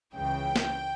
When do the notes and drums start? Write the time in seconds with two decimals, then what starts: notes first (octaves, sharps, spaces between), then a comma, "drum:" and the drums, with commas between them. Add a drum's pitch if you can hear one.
0.14 C#2 C#3 E3 G5
0.56 drum: snare